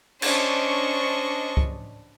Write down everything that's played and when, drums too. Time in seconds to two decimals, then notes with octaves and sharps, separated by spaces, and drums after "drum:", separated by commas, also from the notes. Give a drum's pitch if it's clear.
0.22 C#4 D4 C5 D#5 C#6, drum: cymbal
1.57 drum: kick